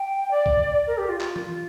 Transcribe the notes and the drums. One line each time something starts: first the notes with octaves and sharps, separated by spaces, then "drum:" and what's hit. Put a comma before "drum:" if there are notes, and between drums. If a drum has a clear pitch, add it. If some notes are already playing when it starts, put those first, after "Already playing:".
Already playing: G5
D5
drum: kick B1
A#4
G4
F4
F4, drum: clap
drum: tom E3